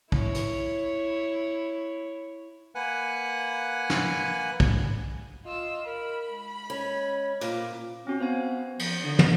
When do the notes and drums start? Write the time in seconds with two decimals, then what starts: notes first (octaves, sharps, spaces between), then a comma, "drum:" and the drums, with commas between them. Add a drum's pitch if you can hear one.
0.12 E4 C#5, drum: kick
0.34 drum: hi-hat
2.75 A#3 B4 F#5 G#5 F#6
3.90 drum: snare
4.60 drum: kick
5.45 F4 D#5 E6
5.86 A#4 B5
6.29 G#3
6.70 C#4
7.41 A#2 C5 D6, drum: hi-hat
8.07 C4 C#4 F#4
8.20 B3 C5 F5 G#5
8.79 F3, drum: cymbal
9.04 D3 D4
9.19 F3, drum: tom